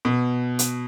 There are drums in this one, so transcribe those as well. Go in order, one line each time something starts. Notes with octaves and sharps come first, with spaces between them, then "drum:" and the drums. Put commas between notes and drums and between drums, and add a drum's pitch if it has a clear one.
B2
drum: hi-hat